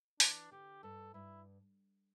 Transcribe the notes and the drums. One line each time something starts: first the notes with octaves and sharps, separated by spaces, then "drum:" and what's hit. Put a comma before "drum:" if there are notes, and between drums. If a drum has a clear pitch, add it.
E3 D4, drum: open hi-hat
D3 G4
G2 A4
G2 E4